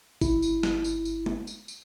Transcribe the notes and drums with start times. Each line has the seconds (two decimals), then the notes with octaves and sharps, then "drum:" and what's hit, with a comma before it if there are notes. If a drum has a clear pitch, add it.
0.21 G1 E4, drum: kick A1, tambourine
0.42 drum: tambourine
0.63 drum: snare
0.84 drum: tambourine
1.05 drum: tambourine
1.26 drum: tom
1.47 drum: tambourine
1.68 drum: tambourine